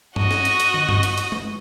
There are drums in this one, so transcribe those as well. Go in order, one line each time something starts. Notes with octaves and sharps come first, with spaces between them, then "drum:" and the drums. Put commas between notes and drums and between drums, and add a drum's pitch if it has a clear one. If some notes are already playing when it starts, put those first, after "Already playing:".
F#4 D#5, drum: tom G2
drum: snare
drum: hi-hat
drum: hi-hat
drum: tom
drum: tom G2
drum: hi-hat
drum: hi-hat
drum: tom G#3